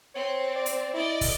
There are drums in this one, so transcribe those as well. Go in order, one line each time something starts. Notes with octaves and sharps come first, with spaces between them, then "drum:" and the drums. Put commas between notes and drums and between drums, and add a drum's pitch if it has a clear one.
C4 C#5
D5
drum: hi-hat
E4 D5 D#5
drum: kick, open hi-hat